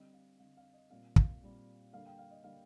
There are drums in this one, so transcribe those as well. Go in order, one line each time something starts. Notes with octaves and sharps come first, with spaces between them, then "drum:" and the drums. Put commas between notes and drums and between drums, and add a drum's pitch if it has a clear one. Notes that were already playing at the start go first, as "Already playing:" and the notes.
Already playing: D3 G3 C4 D#5
F5
D3 G3 C4 F5
F5
D#5
A#2 G3 C4 F5
F5, drum: kick
A#2 G3 C4
D3 G3 A#3 F5
G5
F5
D#5
D3 G3 A#3 F5